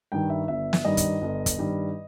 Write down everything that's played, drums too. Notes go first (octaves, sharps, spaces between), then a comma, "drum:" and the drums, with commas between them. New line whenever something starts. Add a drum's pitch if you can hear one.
G2 D#3 G3 G5
E5
G1 E5
drum: snare
G2 D#3 G3 D#5
drum: kick, hi-hat
G1
drum: kick, hi-hat
G2 D#3 G3